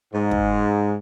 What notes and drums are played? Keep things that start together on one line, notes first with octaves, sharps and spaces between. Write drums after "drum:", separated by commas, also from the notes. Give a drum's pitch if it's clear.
G#2
drum: kick